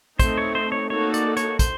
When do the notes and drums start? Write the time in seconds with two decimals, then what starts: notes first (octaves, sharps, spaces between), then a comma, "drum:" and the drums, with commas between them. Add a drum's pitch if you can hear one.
0.19 A3 C4 D#4 C5, drum: kick, hi-hat
0.38 C#5
0.55 C5
0.72 C#5
0.90 A#3 D#4 F#4 A4 C#5
1.14 D5, drum: hi-hat
1.37 C#5, drum: hi-hat
1.59 C5, drum: kick, hi-hat